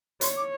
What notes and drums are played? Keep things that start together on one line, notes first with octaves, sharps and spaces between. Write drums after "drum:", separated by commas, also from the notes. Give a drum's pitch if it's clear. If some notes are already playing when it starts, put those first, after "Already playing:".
C#5 C6, drum: hi-hat
D6